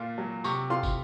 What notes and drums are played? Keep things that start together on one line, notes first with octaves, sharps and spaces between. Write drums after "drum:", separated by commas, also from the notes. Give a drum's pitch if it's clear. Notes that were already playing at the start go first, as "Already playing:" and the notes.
Already playing: A#2 F4
F#3
C3 C#6, drum: tambourine
F4 C6
drum: kick, tambourine